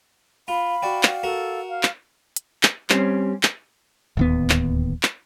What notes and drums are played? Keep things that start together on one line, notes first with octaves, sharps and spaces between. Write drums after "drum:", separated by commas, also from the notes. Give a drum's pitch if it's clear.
F4 F5 B5
F#4 D5 G5
drum: clap
F#4 A4 A#4
F5
drum: clap
drum: hi-hat
drum: clap
G3 C4 C#4, drum: clap
drum: clap
D1 D#2 B3
drum: clap
drum: clap